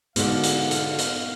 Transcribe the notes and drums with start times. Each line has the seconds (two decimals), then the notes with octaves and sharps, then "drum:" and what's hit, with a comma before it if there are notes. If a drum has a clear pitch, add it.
0.16 G#2 B2 D3 B3 D5 F5, drum: hi-hat
0.44 drum: hi-hat
0.71 drum: hi-hat
0.99 drum: hi-hat